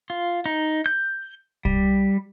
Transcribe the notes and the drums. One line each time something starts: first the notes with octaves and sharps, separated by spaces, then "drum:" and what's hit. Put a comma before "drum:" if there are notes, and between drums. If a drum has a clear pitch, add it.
F4
D#4
G6
G3, drum: kick